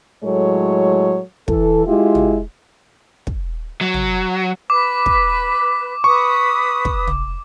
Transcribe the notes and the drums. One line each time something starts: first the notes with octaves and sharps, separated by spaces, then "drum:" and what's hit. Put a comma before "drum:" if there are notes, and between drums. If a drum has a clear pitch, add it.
A2 F#3 G#3 A4 C#5
E3 A4, drum: kick
G#3 E4 F4 G4
drum: tom
drum: kick
F#3
drum: tom
B4 D6
drum: kick
B4 C#6 D#6
drum: kick
drum: tom